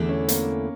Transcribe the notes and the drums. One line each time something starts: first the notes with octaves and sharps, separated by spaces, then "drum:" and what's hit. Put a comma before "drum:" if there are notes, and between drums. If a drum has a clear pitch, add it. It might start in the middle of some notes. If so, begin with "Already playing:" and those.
Already playing: E2 D3 A3 E4
C#4
A#3, drum: hi-hat